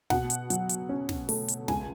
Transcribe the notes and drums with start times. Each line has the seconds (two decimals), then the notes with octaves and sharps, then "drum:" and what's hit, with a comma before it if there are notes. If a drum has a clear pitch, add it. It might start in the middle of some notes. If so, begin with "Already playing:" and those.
0.10 B2 F#5, drum: snare
0.30 drum: hi-hat
0.50 F#3, drum: hi-hat
0.69 drum: hi-hat
0.89 C#4
1.09 drum: snare
1.29 A3, drum: open hi-hat
1.48 drum: hi-hat
1.68 C#2 G#5, drum: snare